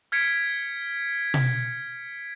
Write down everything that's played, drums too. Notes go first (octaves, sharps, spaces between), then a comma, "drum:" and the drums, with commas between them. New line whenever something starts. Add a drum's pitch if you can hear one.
F6 G#6 B6 C#7 D7
drum: tom B2